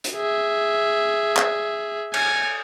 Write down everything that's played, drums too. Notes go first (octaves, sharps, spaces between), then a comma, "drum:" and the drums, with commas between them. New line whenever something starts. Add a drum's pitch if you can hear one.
drum: hi-hat
G#4 E5
drum: clap
G#5, drum: cymbal